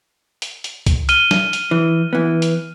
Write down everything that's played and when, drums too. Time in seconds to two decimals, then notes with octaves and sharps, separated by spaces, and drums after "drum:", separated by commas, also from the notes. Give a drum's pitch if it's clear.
0.42 drum: hi-hat
0.64 drum: hi-hat
0.86 drum: kick C2, hi-hat
1.09 F6 D#7 G7, drum: hi-hat
1.31 drum: snare
1.53 drum: hi-hat
1.71 E3
2.13 E3 B3
2.42 drum: hi-hat